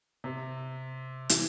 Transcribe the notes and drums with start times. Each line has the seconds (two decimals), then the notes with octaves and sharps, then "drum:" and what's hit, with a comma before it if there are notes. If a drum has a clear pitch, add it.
0.24 C3
1.29 E3, drum: hi-hat